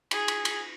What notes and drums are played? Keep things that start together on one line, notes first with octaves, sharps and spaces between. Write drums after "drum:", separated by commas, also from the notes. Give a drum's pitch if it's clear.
G#4, drum: cymbal
drum: cymbal
drum: cymbal